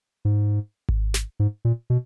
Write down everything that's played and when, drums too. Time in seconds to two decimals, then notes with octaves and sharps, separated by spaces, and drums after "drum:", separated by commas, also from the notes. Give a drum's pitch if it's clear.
0.25 G#2
0.89 drum: kick G#1
1.14 drum: snare
1.40 G#2
1.65 A#2
1.90 B2